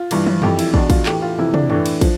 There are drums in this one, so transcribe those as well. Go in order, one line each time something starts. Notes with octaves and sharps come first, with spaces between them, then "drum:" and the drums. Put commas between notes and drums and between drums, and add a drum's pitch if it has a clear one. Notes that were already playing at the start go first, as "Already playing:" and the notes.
Already playing: F4
G2 E3, drum: cymbal
drum: tom
F2 E3 G4, drum: tom F#2
E4, drum: cymbal
E2 B2 D4, drum: kick
F4, drum: kick, cymbal
A2 E3 G4, drum: clap
F4
F2 C3 E3 E4
D4, drum: tom
A2 E3 D4, drum: tom F#2
drum: cymbal
F3, drum: kick, cymbal